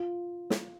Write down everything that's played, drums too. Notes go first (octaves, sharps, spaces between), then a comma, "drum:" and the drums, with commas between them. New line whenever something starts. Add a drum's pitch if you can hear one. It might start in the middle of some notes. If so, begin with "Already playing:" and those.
Already playing: F4
drum: snare